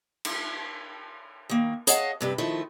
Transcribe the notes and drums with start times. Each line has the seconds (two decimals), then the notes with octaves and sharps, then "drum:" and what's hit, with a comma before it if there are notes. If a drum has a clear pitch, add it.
0.25 drum: cymbal
1.49 D#3 A#3
1.87 G#4 C#5 D#5 F5 F#5 A5, drum: hi-hat
2.21 G2 C3 B4
2.38 D#3 F3 A3 E4